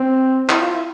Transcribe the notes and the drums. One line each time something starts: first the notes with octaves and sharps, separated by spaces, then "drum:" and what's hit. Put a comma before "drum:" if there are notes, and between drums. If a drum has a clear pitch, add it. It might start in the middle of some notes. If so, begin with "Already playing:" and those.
Already playing: C4
E4, drum: clap
F4
E4